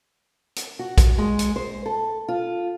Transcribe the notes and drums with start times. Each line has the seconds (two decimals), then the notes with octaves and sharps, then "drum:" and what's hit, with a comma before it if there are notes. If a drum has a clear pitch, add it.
0.56 drum: hi-hat
0.79 F#4
0.98 drum: kick, hi-hat
1.18 G#3
1.39 drum: hi-hat
1.56 C5
1.86 A4
2.28 F4